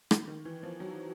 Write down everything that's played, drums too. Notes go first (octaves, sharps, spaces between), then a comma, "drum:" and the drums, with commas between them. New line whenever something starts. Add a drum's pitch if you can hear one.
D#3, drum: rim click
D#3
E3
F3
F#3